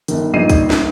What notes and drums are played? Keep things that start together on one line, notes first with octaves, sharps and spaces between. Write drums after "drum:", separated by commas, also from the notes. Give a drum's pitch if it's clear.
G1 D#3, drum: hi-hat
A#1 G2 D#4 D#5 C7 D#7
drum: kick, hi-hat
drum: snare